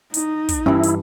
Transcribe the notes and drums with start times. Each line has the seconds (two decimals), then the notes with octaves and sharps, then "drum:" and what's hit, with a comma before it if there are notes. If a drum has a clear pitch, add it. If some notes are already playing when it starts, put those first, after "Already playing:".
0.14 D#4, drum: hi-hat
0.49 drum: kick, hi-hat
0.66 G2 E3 C#4 E4 G#5 B5
0.83 drum: hi-hat